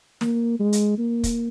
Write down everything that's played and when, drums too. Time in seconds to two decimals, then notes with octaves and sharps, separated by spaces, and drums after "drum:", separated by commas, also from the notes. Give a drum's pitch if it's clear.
0.21 A#3, drum: snare
0.59 G#3
0.73 drum: hi-hat
0.98 A#3
1.23 drum: kick, hi-hat